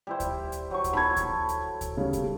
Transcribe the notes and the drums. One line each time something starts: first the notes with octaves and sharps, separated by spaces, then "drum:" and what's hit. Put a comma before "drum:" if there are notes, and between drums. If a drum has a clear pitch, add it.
G3 E4 C5
drum: kick D2, hi-hat
drum: hi-hat
F#3 C#6
drum: kick D2, hi-hat
A4 B5 G#6
drum: kick D2, hi-hat
drum: hi-hat
drum: kick D2, hi-hat
C#3 G3
drum: kick D2, hi-hat